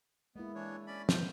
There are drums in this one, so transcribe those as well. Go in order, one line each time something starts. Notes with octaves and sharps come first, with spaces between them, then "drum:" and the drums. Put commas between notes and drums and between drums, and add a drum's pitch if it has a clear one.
G#3 A#3 B3 E4
E3 D4 C#5
C#4 D5 B5
G#3 B3 G6, drum: snare